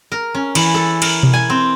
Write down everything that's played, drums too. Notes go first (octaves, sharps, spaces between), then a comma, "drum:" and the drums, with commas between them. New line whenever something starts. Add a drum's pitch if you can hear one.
A#4
C#4
E3, drum: cymbal
A4
A#4, drum: cymbal
drum: tom B2
G#5
C4